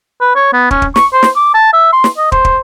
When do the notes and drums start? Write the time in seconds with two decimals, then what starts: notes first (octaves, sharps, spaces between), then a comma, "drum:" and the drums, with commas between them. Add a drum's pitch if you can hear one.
0.21 B4
0.36 C#5
0.53 B3
0.71 C#4, drum: kick
0.82 drum: kick
0.96 C#6, drum: snare
1.13 C5
1.23 drum: snare
1.36 D6
1.54 A5
1.73 E5
1.93 C6
2.04 drum: snare
2.18 D#5
2.32 C5, drum: kick
2.45 drum: kick